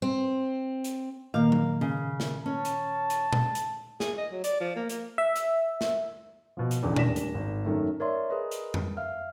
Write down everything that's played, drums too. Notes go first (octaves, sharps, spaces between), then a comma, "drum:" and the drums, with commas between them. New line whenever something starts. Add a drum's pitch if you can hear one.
C4
drum: hi-hat
A#2 D#3 A#3 F5
drum: tom F#3
C#3
drum: snare
C#4 A5
drum: hi-hat
drum: hi-hat
drum: tom A#2
drum: hi-hat
G#4, drum: snare
D#5
F#3
D5, drum: hi-hat
F3
A#3
A#3, drum: hi-hat
E5
drum: hi-hat
drum: snare
B2 F3
drum: hi-hat
E1 A1 E2 D3
D#1 A2 D4 A#6 B6 E7, drum: tom A#2
drum: hi-hat
G#1
F#2 D#3 A3
A#4 C#5 D5 E5 C6
G#4 A#4 B4 D#5
drum: hi-hat
drum: tom F2
E5 F5 F6